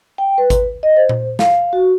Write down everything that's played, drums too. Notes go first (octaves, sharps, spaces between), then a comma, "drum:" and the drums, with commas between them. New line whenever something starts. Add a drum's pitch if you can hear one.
G5
B4
drum: kick G#1, hi-hat
D#5
C5
drum: tom A#2
F5, drum: snare
F#4